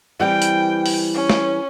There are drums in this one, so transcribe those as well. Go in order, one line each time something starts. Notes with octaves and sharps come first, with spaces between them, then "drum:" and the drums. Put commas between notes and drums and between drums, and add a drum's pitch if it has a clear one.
E3 G3 C4 G5
drum: hi-hat
drum: open hi-hat
C#4
drum: snare